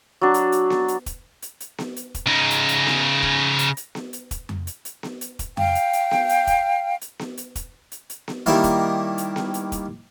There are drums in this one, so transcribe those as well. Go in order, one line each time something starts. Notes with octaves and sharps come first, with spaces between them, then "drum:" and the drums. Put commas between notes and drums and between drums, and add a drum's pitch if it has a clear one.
F#3 D4
drum: hi-hat
drum: hi-hat
drum: snare B3
drum: hi-hat
drum: kick E1, hi-hat
drum: hi-hat
drum: hi-hat
drum: snare B3
drum: hi-hat
drum: kick E1, hi-hat
C#3 D#4
drum: hi-hat
drum: hi-hat
drum: snare B3
drum: kick E1
drum: hi-hat
drum: hi-hat
drum: snare B3
drum: hi-hat
drum: kick E1, hi-hat
drum: tom F2
drum: hi-hat
drum: hi-hat
drum: snare B3
drum: hi-hat
drum: kick E1, hi-hat
F5 G5, drum: tom F2
drum: hi-hat
drum: hi-hat
drum: snare B3
drum: hi-hat
drum: kick E1, hi-hat
drum: hi-hat
drum: snare B3
drum: hi-hat
drum: kick E1, hi-hat
drum: hi-hat
drum: hi-hat
drum: snare B3
D#3 G3 A#3 E4 A#4, drum: hi-hat
drum: kick E1, hi-hat
drum: hi-hat
drum: snare B3
drum: hi-hat
drum: kick E1, hi-hat